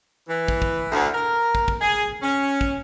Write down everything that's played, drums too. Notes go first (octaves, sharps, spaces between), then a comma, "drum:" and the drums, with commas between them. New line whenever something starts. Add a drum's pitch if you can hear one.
E3
drum: kick
drum: kick
D2
A#4
drum: kick
drum: kick
G#4
C#4
drum: kick